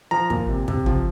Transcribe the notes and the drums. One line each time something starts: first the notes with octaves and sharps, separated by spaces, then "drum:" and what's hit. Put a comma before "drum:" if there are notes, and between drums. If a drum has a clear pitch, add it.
F3 A#5
A#2, drum: kick
C3
C3, drum: kick
F3, drum: tom